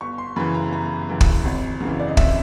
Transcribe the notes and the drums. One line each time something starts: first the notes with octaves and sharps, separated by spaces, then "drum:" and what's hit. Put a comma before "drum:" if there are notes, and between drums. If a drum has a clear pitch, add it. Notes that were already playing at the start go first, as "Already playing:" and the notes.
G1 C#6
C6
F#2 C#3 E3 B5
A#5
G1 A#5
F#2 C#3 E3
drum: kick
G#1
F#2 C#3 E3
D5
D#5
G#1 E5, drum: kick